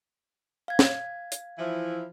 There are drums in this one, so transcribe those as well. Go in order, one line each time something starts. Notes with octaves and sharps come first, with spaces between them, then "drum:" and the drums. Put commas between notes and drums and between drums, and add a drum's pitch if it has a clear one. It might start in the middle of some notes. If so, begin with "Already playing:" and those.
F5 G#6
drum: snare
drum: hi-hat
E3 F3 E4